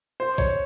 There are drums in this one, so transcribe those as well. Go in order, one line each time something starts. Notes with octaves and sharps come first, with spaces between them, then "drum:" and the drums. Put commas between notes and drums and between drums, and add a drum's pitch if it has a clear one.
C5
C#5, drum: kick